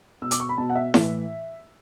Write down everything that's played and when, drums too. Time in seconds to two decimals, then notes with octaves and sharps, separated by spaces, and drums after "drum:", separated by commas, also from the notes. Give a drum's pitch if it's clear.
0.22 B2 E6
0.31 D6, drum: hi-hat
0.40 C#6
0.49 B5
0.58 B2 A5
0.70 F#5
0.75 E5
0.94 A2 E3, drum: snare E4